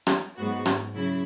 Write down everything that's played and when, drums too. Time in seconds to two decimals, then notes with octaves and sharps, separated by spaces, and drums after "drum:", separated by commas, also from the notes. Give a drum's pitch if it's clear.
0.07 drum: rim click
0.36 G#2 F#3 B3 F#4
0.66 drum: rim click
0.95 C#3 F#3 E4